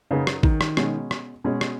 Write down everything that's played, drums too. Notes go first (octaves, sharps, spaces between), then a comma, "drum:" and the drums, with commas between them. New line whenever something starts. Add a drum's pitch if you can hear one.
F#2 C#3 F#3 D#4 G#4 B4
drum: rim click
D#3, drum: kick A1
drum: rim click
B2 G#3 C#4 G#4, drum: rim click
drum: rim click
B2 G#3 C#4 G#4
drum: rim click